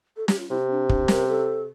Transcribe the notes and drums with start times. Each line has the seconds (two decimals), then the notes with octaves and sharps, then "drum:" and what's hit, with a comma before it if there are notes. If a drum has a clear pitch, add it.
0.17 A4
0.28 G4, drum: snare
0.39 F4
0.50 C3 E4
0.60 C4
0.70 D4
0.89 D4, drum: kick
1.08 A#4, drum: snare
1.28 A4